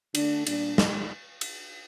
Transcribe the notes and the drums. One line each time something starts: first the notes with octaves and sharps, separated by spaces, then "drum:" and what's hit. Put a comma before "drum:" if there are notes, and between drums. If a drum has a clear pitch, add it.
D3 A3 D4, drum: cymbal
A#2 G3 D4, drum: cymbal
drum: snare
drum: cymbal